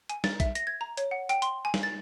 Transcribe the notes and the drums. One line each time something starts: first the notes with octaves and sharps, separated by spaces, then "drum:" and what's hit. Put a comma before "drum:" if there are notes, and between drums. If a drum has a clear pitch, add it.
G#5, drum: hi-hat
A6, drum: snare
E5, drum: kick A#1, hi-hat
A#6, drum: hi-hat
G#6
A#5
C#5, drum: hi-hat
F#5
G5, drum: hi-hat
C6, drum: hi-hat
G#5
drum: snare
A6